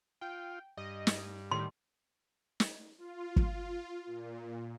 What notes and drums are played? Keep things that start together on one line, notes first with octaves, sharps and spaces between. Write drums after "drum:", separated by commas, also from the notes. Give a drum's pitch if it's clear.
F4 G5
G2 D#5
drum: snare
A2 D#3 G3 C6
drum: snare
F4
drum: kick
A#2